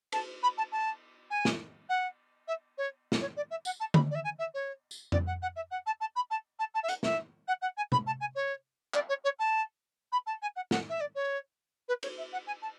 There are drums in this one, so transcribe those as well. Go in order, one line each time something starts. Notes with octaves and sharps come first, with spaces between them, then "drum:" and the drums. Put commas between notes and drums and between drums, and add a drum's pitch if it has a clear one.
A5, drum: cymbal
B5
A5
A5
G#5
drum: snare
F#5
E5
C#5
drum: snare
C#5
D5
E5
F#5, drum: tambourine
A5
B5, drum: tom D3
D5
E5
G#5
E5
C#5
drum: tambourine
D5, drum: tom F2
F#5
F#5
E5
F#5
A5
A5
B5
A5
A5
A5
E5
F#5, drum: hi-hat
E5, drum: snare
F#5
F#5
G#5
B5, drum: tom C3
A5
G#5
C#5
D5, drum: clap
C#5
C#5
A5
B5
A5
G#5
F#5
F#5, drum: snare
E5
D5
C#5
B4
C#5, drum: cymbal
E5
F#5
G#5
A5